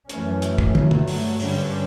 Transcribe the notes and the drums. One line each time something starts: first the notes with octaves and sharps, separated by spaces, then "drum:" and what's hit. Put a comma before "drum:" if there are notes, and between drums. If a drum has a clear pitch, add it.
F#2 E3 A3 C#4, drum: hi-hat
drum: hi-hat
drum: kick
G2 F#3 A3, drum: tom
drum: tom
drum: open hi-hat
G2 D3 G3 C#4, drum: open hi-hat